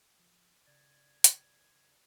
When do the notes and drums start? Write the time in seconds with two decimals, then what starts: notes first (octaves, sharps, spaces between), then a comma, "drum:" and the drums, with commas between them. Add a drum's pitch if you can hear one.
0.19 F3
0.67 C#3 D5 G#6 A6
1.24 drum: hi-hat